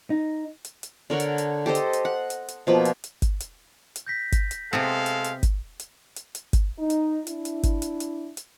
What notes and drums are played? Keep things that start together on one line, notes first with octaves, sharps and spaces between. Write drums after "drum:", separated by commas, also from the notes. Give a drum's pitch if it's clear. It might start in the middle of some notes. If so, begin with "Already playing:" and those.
D#4
drum: hi-hat
drum: hi-hat
D3 A#4 C#5 F#5
drum: hi-hat
drum: hi-hat
G4 A4 C5 D#5
drum: hi-hat
drum: hi-hat
F#5
drum: hi-hat
drum: hi-hat
B2 F3 A#3 B5
drum: hi-hat
drum: hi-hat
drum: kick G#1, hi-hat
drum: hi-hat
drum: hi-hat
G6 A#6 B6
drum: kick G#1, hi-hat
drum: hi-hat
C3 G#3 B3 C4 A4 F5
drum: hi-hat
drum: hi-hat
drum: kick G#1, hi-hat
drum: hi-hat
drum: hi-hat
drum: hi-hat
drum: kick G#1, hi-hat
D#4
drum: hi-hat
D4 E4, drum: hi-hat
drum: hi-hat
drum: kick G#1, hi-hat
drum: hi-hat
drum: hi-hat
drum: hi-hat